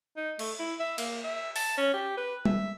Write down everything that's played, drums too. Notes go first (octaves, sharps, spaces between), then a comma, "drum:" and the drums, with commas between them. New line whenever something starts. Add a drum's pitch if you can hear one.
D#4
A3, drum: cymbal
E4
E5
A#3, drum: cymbal
E5
A5, drum: open hi-hat
C#4
G4
B4
E5, drum: tom G3